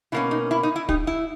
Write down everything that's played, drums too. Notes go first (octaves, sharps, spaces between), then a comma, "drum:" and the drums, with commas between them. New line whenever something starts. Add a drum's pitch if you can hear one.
B2 A#3 C#4 E4
D#4
E4
D#4
E4
D#4 G4, drum: kick
E4